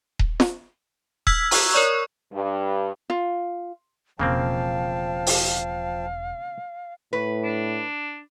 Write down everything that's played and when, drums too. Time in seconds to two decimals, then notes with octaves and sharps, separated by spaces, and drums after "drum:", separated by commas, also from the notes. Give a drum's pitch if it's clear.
0.19 drum: kick D#1
0.40 drum: snare
1.27 E6 F6 G#6 B6 F#7, drum: kick D#1
1.51 A#5 C#6 E6 F#6 G#6, drum: open hi-hat
1.73 A#4 C#5 D5 C#6
2.32 G2
3.10 F4
4.19 E1 C#3 F3 A#3 C4 F5 G5 A5
5.26 drum: open hi-hat
7.13 A2 B4
7.44 D4